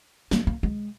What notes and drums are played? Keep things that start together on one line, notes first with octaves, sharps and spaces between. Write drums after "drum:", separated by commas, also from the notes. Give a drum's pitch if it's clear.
A#3, drum: snare
A#3
G#3